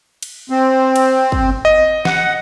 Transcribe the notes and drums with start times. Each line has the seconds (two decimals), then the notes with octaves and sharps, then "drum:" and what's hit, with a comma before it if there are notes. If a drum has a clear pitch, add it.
0.22 drum: cymbal
0.50 C4
0.96 drum: cymbal
1.32 drum: kick
1.65 D#5
2.05 F#5, drum: snare